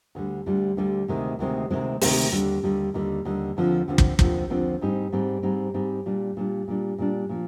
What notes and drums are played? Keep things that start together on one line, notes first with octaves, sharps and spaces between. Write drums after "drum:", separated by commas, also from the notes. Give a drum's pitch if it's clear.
D2 D3 G3
D2 D3 G3
D2 D3 G3
D2 C3 D#3 G#3 C4
D2 C3 D#3 G#3 C4
D2 C3 D#3 G#3 C4
D2 C3 D#3 G#3 C4, drum: open hi-hat
D#2 D3 G3
D#2 D3 G3
D#2 D3 G3
D#2 D3 G3
D#2 D3 F3 C4
D#2 D3 F3 C4
drum: kick
D#2 D3 F3 C4, drum: kick
D#2 D3 F3 C4
G#2 G3 C4 D#4
G#2 G3 C4 D#4
G#2 G3 C4 D#4
G#2 G3 C4 D#4
A#2 G3 D4
A#2 G3 D4
A#2 G3 D4
A#2 G3 D4
A#2 F3